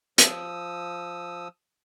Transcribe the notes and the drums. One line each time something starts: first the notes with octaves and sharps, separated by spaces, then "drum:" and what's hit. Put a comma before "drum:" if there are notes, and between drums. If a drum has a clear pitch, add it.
F3 D#6 E6, drum: hi-hat